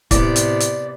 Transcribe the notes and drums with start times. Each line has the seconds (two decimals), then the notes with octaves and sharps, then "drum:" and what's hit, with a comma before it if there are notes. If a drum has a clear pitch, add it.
0.11 A2 C3 B3 E4 D5, drum: kick, hi-hat
0.36 drum: hi-hat
0.60 drum: hi-hat